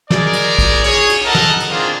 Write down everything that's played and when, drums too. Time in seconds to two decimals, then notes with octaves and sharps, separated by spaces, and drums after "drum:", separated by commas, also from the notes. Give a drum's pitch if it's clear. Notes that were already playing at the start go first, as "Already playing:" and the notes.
0.10 G#3 G#4 A#4 D5, drum: snare
0.33 drum: cymbal
0.59 drum: kick, cymbal
0.84 G#4 C#5, drum: cymbal
1.09 drum: cymbal
1.26 A4 A#4 D#5 F#5 A5 A#5
1.35 drum: snare
1.60 drum: cymbal
1.70 A#3 C4 D4 D#4 F4 G#4